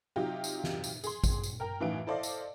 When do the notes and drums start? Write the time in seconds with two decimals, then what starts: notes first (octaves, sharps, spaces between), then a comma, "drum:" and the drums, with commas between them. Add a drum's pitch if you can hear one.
0.16 C3 F#3 D#4 F4 G4
0.44 drum: tambourine
0.64 drum: snare
0.84 drum: tambourine
1.04 G#4 C6, drum: tambourine
1.24 drum: kick A1, tambourine
1.44 drum: tambourine
1.60 A#4 G5 A#5
1.80 F#2 A2 E3 D#4 F5 D7
2.07 E4 A4 C5 D5 D#5 F5
2.23 drum: tambourine